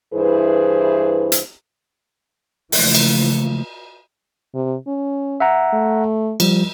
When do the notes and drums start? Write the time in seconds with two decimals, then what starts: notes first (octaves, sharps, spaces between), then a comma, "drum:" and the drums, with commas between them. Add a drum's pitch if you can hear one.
0.13 G2 E3 E4 G#4 B4 C5
1.32 drum: hi-hat
2.72 C#3 E3 F3 A3 A#3, drum: open hi-hat
2.95 drum: cymbal
4.55 C3
4.87 C#4
5.40 E5 F#5 A#5
5.73 A3
6.40 F3 G3, drum: cymbal